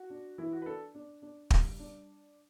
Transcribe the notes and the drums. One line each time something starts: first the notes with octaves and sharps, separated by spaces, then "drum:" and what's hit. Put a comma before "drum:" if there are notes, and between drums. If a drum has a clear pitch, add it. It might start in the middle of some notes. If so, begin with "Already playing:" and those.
Already playing: F#4
D4
E3 E4
F#4
B4
D4 A4
D4
D4
G3, drum: kick
D4